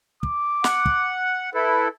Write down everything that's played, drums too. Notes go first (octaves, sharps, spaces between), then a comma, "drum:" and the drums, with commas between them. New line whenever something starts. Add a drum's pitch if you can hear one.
D6, drum: kick
F#5, drum: snare
drum: kick
E4 A4 B4